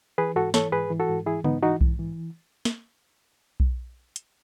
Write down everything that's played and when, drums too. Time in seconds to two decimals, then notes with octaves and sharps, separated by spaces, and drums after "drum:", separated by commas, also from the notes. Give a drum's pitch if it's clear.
0.18 E3 G#4 B4
0.36 G#2 F#4 A4
0.54 E3 A4 C#5, drum: snare
0.72 G#2 G#4 B4
0.90 E3
1.00 F#4 A4
1.09 G#2
1.26 E3 E4 G#4
1.44 G#2 B3 D#4, drum: tom C#3
1.63 E3 D#4 F#4
1.81 G#2, drum: kick B1
1.99 E3
2.65 drum: snare
3.60 drum: kick B1
4.16 drum: hi-hat